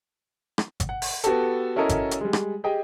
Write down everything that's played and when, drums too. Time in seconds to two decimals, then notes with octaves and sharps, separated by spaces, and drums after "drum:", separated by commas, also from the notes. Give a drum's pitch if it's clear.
0.58 drum: rim click
0.80 drum: kick G#1, hi-hat
0.89 F#5
1.02 drum: open hi-hat
1.24 B3 F#4 G4 A4, drum: hi-hat
1.76 C#4 E4 F#4 A4 A#4 D#5
1.89 drum: kick G#1, hi-hat
2.11 drum: hi-hat
2.21 G3 G#3
2.33 drum: rim click
2.64 G4 G#4 D#5 G5 G#5